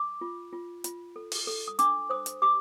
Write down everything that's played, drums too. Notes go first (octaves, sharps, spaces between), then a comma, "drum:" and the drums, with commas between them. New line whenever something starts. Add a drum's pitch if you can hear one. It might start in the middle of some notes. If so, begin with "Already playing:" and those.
Already playing: D6
F4
F4
F4, drum: hi-hat
A4
drum: open hi-hat
A4
D#6
D4 D6, drum: hi-hat
C5 D#6
drum: hi-hat
G4 D6